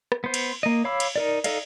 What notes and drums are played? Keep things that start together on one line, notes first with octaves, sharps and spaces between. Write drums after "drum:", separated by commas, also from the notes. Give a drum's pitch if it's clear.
drum: rim click
B3 C5
drum: cymbal
A#3 D#5
C#5 F5 B5 D6 E6
drum: cymbal
D#4 A#4 D5
D#4 A4 D5 D#5 F5, drum: cymbal